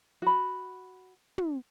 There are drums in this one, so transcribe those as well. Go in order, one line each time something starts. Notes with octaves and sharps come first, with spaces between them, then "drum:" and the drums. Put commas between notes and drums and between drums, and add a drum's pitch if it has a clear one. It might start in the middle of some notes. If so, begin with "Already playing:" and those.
F#4 B5
drum: tom